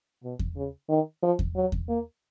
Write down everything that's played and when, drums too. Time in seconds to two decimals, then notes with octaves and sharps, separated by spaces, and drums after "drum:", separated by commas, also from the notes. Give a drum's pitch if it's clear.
0.23 B2
0.39 drum: kick E2
0.56 C#3
0.89 D#3
1.23 F3
1.39 drum: kick E2
1.55 F#3
1.72 drum: kick E2
1.89 A#3